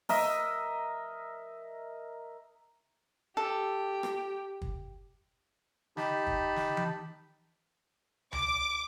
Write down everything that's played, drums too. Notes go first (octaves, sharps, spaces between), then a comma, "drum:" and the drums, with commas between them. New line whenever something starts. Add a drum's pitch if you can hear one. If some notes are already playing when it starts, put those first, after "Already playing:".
A#4 D#5 E5, drum: open hi-hat
G4 A4
drum: rim click
drum: kick
D#4 G4 A5 B5, drum: snare
drum: kick
drum: snare
drum: tom E3
D6, drum: tom C#2